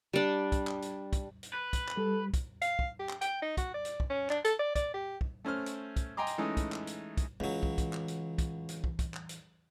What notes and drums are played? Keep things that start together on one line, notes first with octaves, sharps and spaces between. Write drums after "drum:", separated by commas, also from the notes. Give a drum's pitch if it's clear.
G3 D4
drum: kick, hi-hat
drum: clap
drum: hi-hat
drum: kick, hi-hat
drum: hi-hat
B4
drum: kick, hi-hat
drum: clap
G3 A4
drum: kick, hi-hat
F5, drum: hi-hat
drum: kick
G4
drum: clap
G5, drum: hi-hat
D#4
F#4, drum: kick, hi-hat
D5
drum: hi-hat
drum: kick
C#4
D4, drum: clap
A4, drum: hi-hat
D5
D5, drum: kick, hi-hat
G4
drum: kick
A3 C#4 C5 F6
drum: hi-hat
drum: kick, hi-hat
D#5 G5 G#5 A#5 C6 D6
drum: hi-hat
E3 G#3 A3 C#4 D#4
drum: kick, hi-hat
drum: clap
drum: hi-hat
drum: kick, hi-hat
C#2 E3 F#3
drum: kick
drum: kick, hi-hat
drum: clap
drum: hi-hat
drum: kick, hi-hat
drum: hi-hat
drum: kick
drum: kick, hi-hat
drum: clap
drum: hi-hat